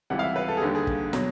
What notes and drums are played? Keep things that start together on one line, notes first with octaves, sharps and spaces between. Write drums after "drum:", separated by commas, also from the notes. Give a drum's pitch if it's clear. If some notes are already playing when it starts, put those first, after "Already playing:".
C#2 C3 E3 G3 F#5
F5
E5
B4
A4
G#4
D#2 D3 G3 G4
G#4
drum: kick
B2 F#3, drum: snare